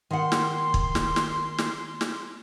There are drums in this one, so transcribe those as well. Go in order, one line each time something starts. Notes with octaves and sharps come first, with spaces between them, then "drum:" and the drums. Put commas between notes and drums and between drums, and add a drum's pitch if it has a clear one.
D#3 F#5 C6
drum: snare
drum: kick
drum: snare
drum: snare
drum: snare
drum: snare